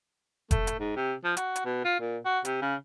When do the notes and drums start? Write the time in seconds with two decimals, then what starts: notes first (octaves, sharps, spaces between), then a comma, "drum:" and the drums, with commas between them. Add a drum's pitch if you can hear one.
0.51 A3, drum: kick F1, hi-hat
0.67 drum: hi-hat
0.79 G#2
0.96 C3
1.24 F3
1.37 F#4, drum: hi-hat
1.56 drum: hi-hat
1.65 B2
1.85 F4
2.00 A#2
2.25 F#4
2.45 C3, drum: hi-hat
2.62 C#3